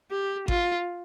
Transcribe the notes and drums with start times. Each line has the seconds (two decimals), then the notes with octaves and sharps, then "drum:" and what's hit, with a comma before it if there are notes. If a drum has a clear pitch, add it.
0.11 G4
0.48 F4, drum: kick G#1